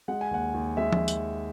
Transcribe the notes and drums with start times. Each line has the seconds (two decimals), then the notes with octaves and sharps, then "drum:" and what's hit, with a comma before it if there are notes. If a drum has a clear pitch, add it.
0.08 G#3 F#5
0.21 G#5
0.31 D#2 F#5
0.54 D#2
0.77 G#3 E5
0.93 drum: tom F3
1.08 drum: tambourine